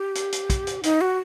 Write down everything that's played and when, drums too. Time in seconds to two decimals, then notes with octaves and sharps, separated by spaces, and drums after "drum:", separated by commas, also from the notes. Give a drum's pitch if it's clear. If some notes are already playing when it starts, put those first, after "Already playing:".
Already playing: G4
0.15 drum: hi-hat
0.32 drum: hi-hat
0.50 drum: kick, hi-hat
0.67 drum: hi-hat
0.83 D#4, drum: hi-hat
1.01 F#4